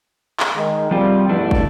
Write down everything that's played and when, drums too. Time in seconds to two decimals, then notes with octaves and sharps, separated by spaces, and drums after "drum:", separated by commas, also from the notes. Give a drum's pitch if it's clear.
0.40 drum: clap
0.56 D#3 G#3
0.91 F3 G3 C4 F4
1.29 E2 G2 B2 A3 D4 E4
1.51 drum: kick